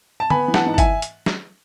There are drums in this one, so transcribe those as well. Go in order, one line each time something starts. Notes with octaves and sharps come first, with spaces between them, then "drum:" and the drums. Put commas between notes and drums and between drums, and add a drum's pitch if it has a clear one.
A5
B3 G#5 B5, drum: tom
E3
F#5 A5, drum: snare
G#2
A5
E5 G#5, drum: kick, hi-hat
drum: hi-hat
drum: snare